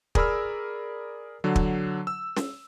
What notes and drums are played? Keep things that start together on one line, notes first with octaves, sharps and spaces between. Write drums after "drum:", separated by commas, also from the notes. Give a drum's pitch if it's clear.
G#4 A#4 D5 B5 E6 F6, drum: kick
D3 F#3
drum: kick
E6
drum: snare